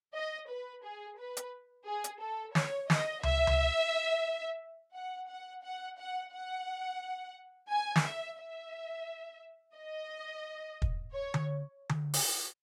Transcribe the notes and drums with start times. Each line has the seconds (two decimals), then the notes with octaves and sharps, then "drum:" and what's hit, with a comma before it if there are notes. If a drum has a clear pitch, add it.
0.14 D#5
0.49 B4
0.84 G#4
1.18 B4
1.37 drum: hi-hat
1.86 G#4
2.04 drum: hi-hat
2.21 A4
2.55 C#5, drum: snare
2.90 D#5, drum: snare
3.23 E5, drum: tom C#2
3.47 drum: tom C#2
4.96 F#5
5.29 F#5
5.64 F#5
5.99 F#5
6.33 F#5
7.70 G#5
7.96 drum: snare
8.05 E5
8.39 E5
9.76 D#5
10.82 drum: kick
11.14 C#5
11.34 drum: tom D3
11.89 drum: tom D3
12.13 drum: open hi-hat